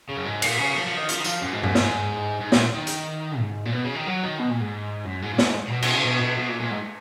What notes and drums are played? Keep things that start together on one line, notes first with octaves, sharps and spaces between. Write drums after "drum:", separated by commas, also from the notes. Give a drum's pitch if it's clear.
C#3
F#2
G#2
A#2, drum: cymbal
C#3
F3
F3
D#3
F3, drum: hi-hat
D#3
F3, drum: tambourine
F#2
G#2
F#2, drum: tom G2
G#2, drum: snare
G#2
A#2, drum: snare
D#3
drum: hi-hat
G#2
A#2
B2
C#3
D#3
F#3
D#3
B2
A#2
G#2
F#2
G#2
A#2
G#2, drum: snare
A#2
B2
B2, drum: cymbal
C#3
B2
B2
B2
A#2
A#2
G#2